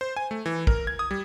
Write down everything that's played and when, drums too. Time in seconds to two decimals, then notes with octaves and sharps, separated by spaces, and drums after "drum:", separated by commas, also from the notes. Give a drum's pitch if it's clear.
0.01 C5
0.16 G#5
0.31 A3
0.46 E3
0.67 A#4, drum: kick
0.87 G#6
0.99 D#6
1.11 G3